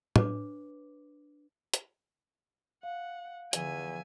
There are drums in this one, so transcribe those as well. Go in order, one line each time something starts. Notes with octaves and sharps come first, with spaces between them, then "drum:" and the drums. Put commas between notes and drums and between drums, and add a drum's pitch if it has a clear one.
D4 B4 C#5 D6, drum: tom
drum: hi-hat
F5 F#5
E2 D3 F3 B3 E5 G#5, drum: hi-hat